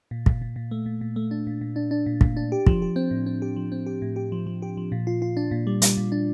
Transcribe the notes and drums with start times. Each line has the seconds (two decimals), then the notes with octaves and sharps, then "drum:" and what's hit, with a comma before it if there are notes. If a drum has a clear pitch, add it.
0.11 A#2
0.26 A#2, drum: kick
0.42 A#2
0.56 A#2
0.71 A3
0.86 A#2
1.01 A#2
1.16 A3
1.31 D4
1.47 A#2
1.61 A#2
1.76 D4
1.91 D4
2.06 A#2
2.21 A#2, drum: kick
2.37 D4
2.52 G4
2.67 F3, drum: kick
2.82 G4
2.96 C4
3.11 A2
3.26 C4
3.42 G4
3.56 F3
3.72 C4
3.86 G4
4.02 A2
4.16 G4
4.32 F3
4.47 F3
4.62 G4
4.77 F3
4.92 A#2
5.07 F4
5.22 F4
5.37 D4
5.51 A#2
5.67 G3
5.82 G3, drum: hi-hat
5.97 A#2
6.12 D4